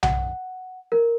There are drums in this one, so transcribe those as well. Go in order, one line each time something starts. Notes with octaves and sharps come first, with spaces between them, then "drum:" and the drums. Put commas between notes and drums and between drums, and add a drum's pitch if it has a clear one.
F#5, drum: tom B1
A#4